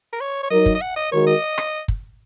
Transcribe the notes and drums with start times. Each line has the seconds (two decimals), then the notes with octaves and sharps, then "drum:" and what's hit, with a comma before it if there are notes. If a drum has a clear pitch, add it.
0.13 A#4
0.20 C#5
0.43 C#5
0.50 F#3 D#4 A#4 D#5
0.66 drum: kick
0.75 D#5
0.81 F#5
0.96 D#5
1.12 D#3 G#3 F#4 A#4 C#5
1.27 D#5
1.58 drum: rim click
1.88 drum: kick